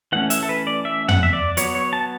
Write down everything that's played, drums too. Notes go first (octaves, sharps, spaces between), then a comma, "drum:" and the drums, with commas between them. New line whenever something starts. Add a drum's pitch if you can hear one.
E3 A3 C#4 F#5
E5, drum: hi-hat
A4
B4
D5
E5
F#5, drum: tom
E5
D5
F#3 B3 C#5, drum: hi-hat
C#5
A5